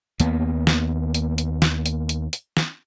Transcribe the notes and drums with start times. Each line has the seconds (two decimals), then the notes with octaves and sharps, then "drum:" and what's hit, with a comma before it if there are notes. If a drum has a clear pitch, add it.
0.20 D#2 A#3 B3, drum: hi-hat
0.67 drum: snare
1.14 drum: hi-hat
1.38 drum: hi-hat
1.62 drum: snare
1.86 drum: hi-hat
2.09 drum: hi-hat
2.33 drum: hi-hat
2.57 drum: snare